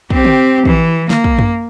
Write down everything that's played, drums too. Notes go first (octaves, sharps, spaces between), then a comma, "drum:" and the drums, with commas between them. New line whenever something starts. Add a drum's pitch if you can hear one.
C4 G4, drum: kick
drum: tom D3
E3, drum: kick
A#3, drum: snare
drum: kick
drum: tom F#2